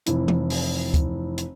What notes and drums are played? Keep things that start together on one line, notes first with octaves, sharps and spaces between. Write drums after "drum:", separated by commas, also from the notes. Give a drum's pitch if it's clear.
F1 E3 E4, drum: hi-hat
drum: tom E3
drum: open hi-hat
drum: kick D2, hi-hat
drum: hi-hat